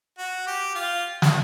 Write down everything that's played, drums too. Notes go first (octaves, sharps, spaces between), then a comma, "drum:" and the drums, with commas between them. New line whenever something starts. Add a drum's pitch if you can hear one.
F#4
G4
F4
drum: snare